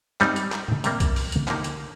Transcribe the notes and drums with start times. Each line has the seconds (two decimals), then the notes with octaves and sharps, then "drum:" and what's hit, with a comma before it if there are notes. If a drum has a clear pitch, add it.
0.21 G3 C4 D#4, drum: clap
0.36 drum: hi-hat
0.52 drum: clap
0.68 drum: tom A2
0.84 C3 G3 A#3, drum: hi-hat
1.00 drum: kick B1, hi-hat
1.16 drum: open hi-hat
1.32 drum: hi-hat
1.48 D3 F3 A#3 D#4 G4, drum: clap
1.64 drum: hi-hat